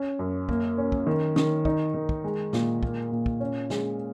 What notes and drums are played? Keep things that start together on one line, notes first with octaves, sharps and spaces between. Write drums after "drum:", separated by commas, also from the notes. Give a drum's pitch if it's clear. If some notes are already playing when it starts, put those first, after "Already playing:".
Already playing: C#4
F#2
A#3, drum: kick
C#4
drum: kick
D#3
D#3, drum: snare
D#4, drum: kick
D#3
drum: kick
G#3
A#2, drum: snare
A#3, drum: kick
A#2
drum: kick
C#4
G#3, drum: snare